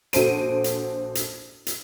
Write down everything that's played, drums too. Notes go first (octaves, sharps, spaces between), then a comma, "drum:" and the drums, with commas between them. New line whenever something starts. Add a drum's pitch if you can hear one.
A#1 F#4 A4 C5 D7 D#7, drum: hi-hat
drum: hi-hat
drum: hi-hat
drum: hi-hat